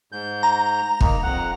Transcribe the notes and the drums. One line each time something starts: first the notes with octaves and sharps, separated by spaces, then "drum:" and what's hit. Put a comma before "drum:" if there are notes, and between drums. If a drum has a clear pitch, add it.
G#2 G6
A#5
A#3 D#4, drum: kick
F2 F#5